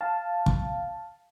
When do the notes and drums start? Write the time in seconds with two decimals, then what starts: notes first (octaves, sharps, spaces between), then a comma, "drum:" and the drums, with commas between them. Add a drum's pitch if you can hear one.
0.01 F5 A5
0.46 drum: kick